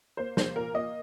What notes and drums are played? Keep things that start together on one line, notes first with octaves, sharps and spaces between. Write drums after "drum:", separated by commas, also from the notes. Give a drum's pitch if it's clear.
A#3 C5
A#3 C5, drum: snare
A#2 A#4
A#3 D#5